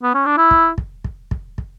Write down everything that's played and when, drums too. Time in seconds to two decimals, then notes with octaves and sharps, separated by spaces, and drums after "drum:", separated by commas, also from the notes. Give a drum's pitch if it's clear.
0.03 B3
0.14 C#4
0.26 D4
0.37 E4
0.51 drum: kick
0.78 drum: kick
1.04 drum: kick
1.31 drum: kick
1.58 drum: kick